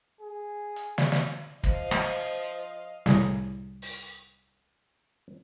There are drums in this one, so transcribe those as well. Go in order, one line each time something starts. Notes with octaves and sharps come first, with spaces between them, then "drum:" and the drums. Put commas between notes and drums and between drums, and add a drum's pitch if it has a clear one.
G#4
drum: hi-hat
drum: snare
drum: snare
F3 C5 D#5 F5, drum: kick
drum: rim click
C2 A2 G#4 A#5, drum: snare
drum: open hi-hat